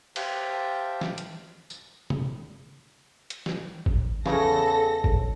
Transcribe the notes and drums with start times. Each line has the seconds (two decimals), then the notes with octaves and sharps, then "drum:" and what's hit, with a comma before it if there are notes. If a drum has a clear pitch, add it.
0.16 G4 C5 E5 F5 G5 A5, drum: cymbal
1.01 drum: snare
1.18 drum: hi-hat
1.70 drum: tambourine
2.10 drum: tom
3.30 drum: hi-hat
3.46 drum: snare
3.86 drum: kick G#1
4.26 E2 C#3 C#4 A4 A#6, drum: snare
5.04 drum: kick G#1